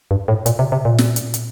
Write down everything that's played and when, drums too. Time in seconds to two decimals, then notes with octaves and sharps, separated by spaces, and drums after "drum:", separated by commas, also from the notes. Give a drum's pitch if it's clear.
0.11 G2
0.28 A2
0.46 A#2, drum: hi-hat
0.59 C3
0.72 C3
0.85 A#2
0.98 drum: snare
1.16 drum: hi-hat
1.34 drum: hi-hat